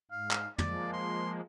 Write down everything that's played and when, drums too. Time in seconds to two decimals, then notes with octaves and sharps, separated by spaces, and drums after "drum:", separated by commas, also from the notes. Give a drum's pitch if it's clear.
0.11 G#2 F5
0.31 drum: clap
0.58 F3 G#3 A#3 D5, drum: tom
0.93 C6